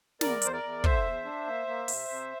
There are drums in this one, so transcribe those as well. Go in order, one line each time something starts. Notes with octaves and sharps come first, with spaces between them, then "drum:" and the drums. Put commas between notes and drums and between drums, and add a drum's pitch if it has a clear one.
E2 A#4 D5, drum: snare
E2 C5, drum: hi-hat
A#4 D5
E2
D3 C5 E5, drum: kick
E2
D4
A#3
A#3
C3, drum: open hi-hat
C3